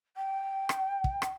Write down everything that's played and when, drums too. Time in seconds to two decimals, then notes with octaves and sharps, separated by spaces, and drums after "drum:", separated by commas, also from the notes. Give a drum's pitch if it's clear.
0.17 G5
0.69 drum: rim click
1.04 drum: kick
1.22 drum: rim click